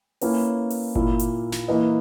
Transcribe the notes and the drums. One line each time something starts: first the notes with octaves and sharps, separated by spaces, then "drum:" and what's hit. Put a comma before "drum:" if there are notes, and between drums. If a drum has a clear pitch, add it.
A#3 C#4 E4 B4, drum: open hi-hat
drum: open hi-hat
A#2 A#3 E4, drum: kick G1
drum: hi-hat
drum: snare
E3 A#3 E4 B4 D#5